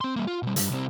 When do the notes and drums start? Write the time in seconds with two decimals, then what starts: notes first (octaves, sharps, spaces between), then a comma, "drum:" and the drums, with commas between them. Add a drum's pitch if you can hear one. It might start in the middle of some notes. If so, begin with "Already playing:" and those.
0.01 C4 C6
0.16 G3 A#3
0.27 F4
0.43 B2 G3
0.56 C#2 G2, drum: hi-hat
0.70 C2 C4